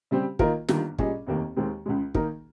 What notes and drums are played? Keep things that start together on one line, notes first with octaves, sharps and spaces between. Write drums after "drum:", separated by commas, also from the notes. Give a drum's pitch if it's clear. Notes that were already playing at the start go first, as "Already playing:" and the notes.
C#3 G3 C4 G4
D#3 A#3 F4 A#4 D#5, drum: kick
G1 G2 D#3 A#3 F4, drum: snare
A#2 G3 C#4 G#4 D#5, drum: kick
F1 D#2 D#3 A#3
D#2 D#3 G#3 C4
C#2 C#3 G#3
D#3 A#3 D#4 A#4, drum: kick